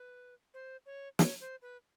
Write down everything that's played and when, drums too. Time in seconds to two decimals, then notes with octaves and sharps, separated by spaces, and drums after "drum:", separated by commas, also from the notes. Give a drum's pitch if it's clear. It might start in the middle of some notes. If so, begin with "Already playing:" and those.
Already playing: B4
0.54 C5
0.86 C#5
1.19 C#5, drum: snare
1.41 C5
1.62 B4